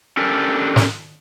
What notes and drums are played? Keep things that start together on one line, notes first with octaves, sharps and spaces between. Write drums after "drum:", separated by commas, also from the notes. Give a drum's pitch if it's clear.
C#4 D4 G4 A4 A#4
drum: snare